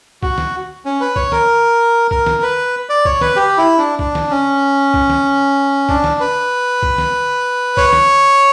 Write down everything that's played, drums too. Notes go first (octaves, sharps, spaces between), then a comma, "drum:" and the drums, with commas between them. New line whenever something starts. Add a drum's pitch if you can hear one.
F#4, drum: kick
drum: snare
C#4
B4
C#5, drum: kick
A#4, drum: snare
A#4, drum: kick
drum: snare
B4
D5
C#5, drum: kick
B4, drum: snare
G4
E4
D4
D4, drum: kick
drum: snare
C#4
drum: kick
drum: snare
D4, drum: kick
drum: snare
B4
drum: kick
drum: snare
C#5, drum: kick
drum: snare